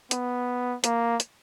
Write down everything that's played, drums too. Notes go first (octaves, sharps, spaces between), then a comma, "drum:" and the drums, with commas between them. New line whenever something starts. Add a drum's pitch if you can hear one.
B3, drum: hi-hat
A#3, drum: hi-hat
drum: hi-hat